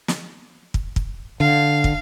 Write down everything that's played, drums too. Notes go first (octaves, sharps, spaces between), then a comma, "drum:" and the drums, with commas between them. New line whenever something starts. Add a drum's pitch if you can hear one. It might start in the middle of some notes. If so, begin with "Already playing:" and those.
drum: snare
drum: kick
drum: kick
D3 F5
drum: kick